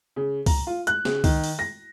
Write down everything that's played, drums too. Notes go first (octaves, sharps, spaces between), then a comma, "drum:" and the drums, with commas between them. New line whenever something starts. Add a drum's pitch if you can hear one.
C#3
A#5, drum: kick C#2, open hi-hat
F4
F#6, drum: hi-hat
C#3, drum: snare
D#3, drum: kick C#2, open hi-hat
drum: open hi-hat
A#6